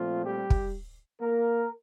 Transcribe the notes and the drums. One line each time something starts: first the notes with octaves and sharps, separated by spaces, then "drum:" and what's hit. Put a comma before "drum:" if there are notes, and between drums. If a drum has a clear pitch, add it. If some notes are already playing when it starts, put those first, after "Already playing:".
Already playing: A#2 F3 A3 C4 F4
G3 G4
drum: kick
A#3 A#4